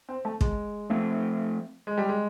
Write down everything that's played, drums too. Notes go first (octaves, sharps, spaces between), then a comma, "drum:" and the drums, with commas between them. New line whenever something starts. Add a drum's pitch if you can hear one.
C4
A3
G#3, drum: kick
F3 A3 C4
G#3
G3
G#3